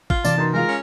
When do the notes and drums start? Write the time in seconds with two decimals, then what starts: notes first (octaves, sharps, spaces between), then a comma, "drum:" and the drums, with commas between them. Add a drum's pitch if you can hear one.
0.10 F4, drum: kick
0.25 C3 E3 C#4 D5 A5, drum: tambourine
0.38 B2 D#4 A#4 C6
0.54 G#3 F4 A#4
0.68 C#4